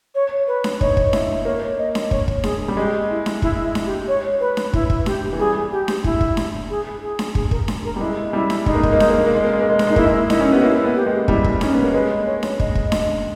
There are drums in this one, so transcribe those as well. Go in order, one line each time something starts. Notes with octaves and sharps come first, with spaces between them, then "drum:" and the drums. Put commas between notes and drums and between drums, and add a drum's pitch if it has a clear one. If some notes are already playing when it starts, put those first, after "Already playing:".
C#5
B4
drum: snare D4
D#4 C#5, drum: kick
drum: kick
E4, drum: snare D4
A#3 C#5
D#5
drum: snare D4
C#5, drum: kick
drum: kick
G#4, drum: snare D4
G3
G#3 G4
E4
drum: snare D4
E4, drum: kick
E4
drum: snare D4
G4
C#5
B4
drum: snare D4
E4, drum: kick
drum: kick
G4, drum: snare D4
E3
G3 G#4
G4
drum: snare D4
E4, drum: kick
drum: kick
drum: snare D4
G#4
G#4
drum: snare D4
G#4, drum: kick
A#4, drum: kick
drum: snare D4
A#4
G3
G#3 E4
G3 E4
drum: snare D4
G#3 D#4, drum: kick
A#3
G#3, drum: kick
A#3
G#3, drum: snare D4
A#3
G#3
A#3
G#3
A#3
G#3
A#3
G#3
A#3, drum: snare D4
G#3 D#4
A#3 E4, drum: kick
G#3
D#4 E4, drum: snare D4
C#4
B3 G4
A#3 E4
B3
G4
G#3
G3 E4, drum: kick
drum: kick
C#4 D#4, drum: snare D4
B3
A#3
G#3 B4
C#5
drum: snare D4
D#5, drum: kick
drum: kick
drum: snare D4